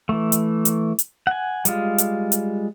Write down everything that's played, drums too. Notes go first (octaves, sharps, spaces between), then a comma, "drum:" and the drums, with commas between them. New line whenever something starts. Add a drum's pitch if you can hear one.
E3 A3
drum: hi-hat
drum: hi-hat
drum: hi-hat
F#5 G#5
G3 G#3 F4, drum: hi-hat
drum: hi-hat
drum: hi-hat